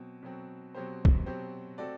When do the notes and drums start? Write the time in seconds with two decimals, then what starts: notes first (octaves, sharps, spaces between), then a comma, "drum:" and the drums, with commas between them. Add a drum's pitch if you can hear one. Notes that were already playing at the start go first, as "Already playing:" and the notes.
Already playing: B2 F#3 C4
0.23 B2 F#3 C4
0.75 B2 F#3 C4 G4 C5
1.05 drum: kick
1.26 B2 F#3 C4 G4 C5
1.78 A3 C4 F#4 A4 D5